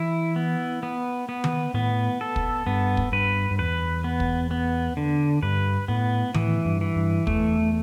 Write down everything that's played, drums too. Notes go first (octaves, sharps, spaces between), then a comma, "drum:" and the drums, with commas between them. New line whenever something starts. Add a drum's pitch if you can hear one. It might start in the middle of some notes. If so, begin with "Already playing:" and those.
Already playing: E3 E4
B3
B3
B3
drum: tom D#3
A2 B3
A4
drum: kick
G2 B3
drum: kick
G2 B4
G2
E2 B4
B3
drum: kick
B3
D3
G2 B4
A2 B3
A2 E3, drum: tom D#3
G2
E3
G2
E2 A3, drum: kick